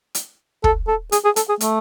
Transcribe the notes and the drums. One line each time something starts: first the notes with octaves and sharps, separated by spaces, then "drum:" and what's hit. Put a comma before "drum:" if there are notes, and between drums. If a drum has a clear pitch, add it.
drum: hi-hat
A4, drum: kick
A4
G#4, drum: hi-hat
G#4
A4, drum: hi-hat
G#4
A3, drum: hi-hat